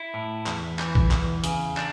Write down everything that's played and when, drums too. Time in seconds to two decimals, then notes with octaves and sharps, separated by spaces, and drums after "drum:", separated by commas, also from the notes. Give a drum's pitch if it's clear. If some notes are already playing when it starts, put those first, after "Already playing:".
Already playing: E4
0.14 A2
0.47 E2, drum: clap
0.79 E3, drum: clap
0.95 drum: kick
1.11 E2, drum: clap
1.44 C#3, drum: hi-hat
1.77 D4, drum: clap